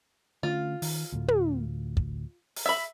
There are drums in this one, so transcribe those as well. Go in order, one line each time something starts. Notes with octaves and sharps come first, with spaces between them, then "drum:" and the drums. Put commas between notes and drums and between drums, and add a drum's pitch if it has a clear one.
D3 A3 C#4 F4
D#3, drum: open hi-hat
D2 A2
drum: tom
drum: kick
drum: open hi-hat
E5 B5